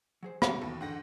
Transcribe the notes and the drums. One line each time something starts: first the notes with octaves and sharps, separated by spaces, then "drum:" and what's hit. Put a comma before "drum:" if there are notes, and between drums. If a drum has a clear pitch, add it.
F#3 G#4 C5
B2 G4 C#5, drum: rim click
D#2 E3 F#4 A4
G#2 D3 F#5 A#6